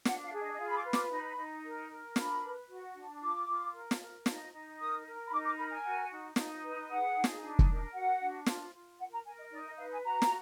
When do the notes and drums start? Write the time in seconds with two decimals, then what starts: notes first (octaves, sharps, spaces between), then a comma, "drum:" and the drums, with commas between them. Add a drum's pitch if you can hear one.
0.05 D4 F#5, drum: snare
0.23 F5
0.32 G#4
0.41 D#5
0.53 D#5
0.58 F4 F5
0.67 B5
0.75 D6
0.84 B4
0.93 D6, drum: snare
1.11 D#4 B5
1.37 D#4
1.63 A#4
1.89 A#4
2.16 D4 B5, drum: snare
2.42 B4
2.68 F#4
2.94 D4
3.21 F4 D6
3.47 F4
3.73 A#4
3.91 drum: snare
4.00 A#4
4.26 D#4, drum: snare
4.52 D#4
4.78 A#4 D#6
5.05 A#4
5.26 B5
5.31 D#4 D6
5.44 D6
5.57 A#4 B5
5.70 G#5
5.84 F#4
6.10 D#4
6.36 D#4, drum: snare
6.62 B4
6.89 G#4 F#5
7.15 D#4
7.24 drum: snare
7.41 D4
7.59 drum: kick
7.68 A#4
7.94 F#4 F#5
8.20 D4
8.46 F4, drum: snare
8.73 F4
8.99 A#4 F#5
9.12 A#5
9.25 A#4 G#5
9.38 D#5
9.51 D#4 D5
9.65 D#5
9.77 B4 F5
9.91 G#5
10.04 F#4 A#5
10.22 drum: snare